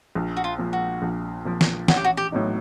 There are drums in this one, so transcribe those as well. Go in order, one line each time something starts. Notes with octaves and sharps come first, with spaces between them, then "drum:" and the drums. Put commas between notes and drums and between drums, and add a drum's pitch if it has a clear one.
A#1
F#4
F4
A#2 F3
F#4
A#1
A#2 F3
drum: snare
A1 F#4, drum: snare
G4
F#4
G4
A2 F#3 B3 D#4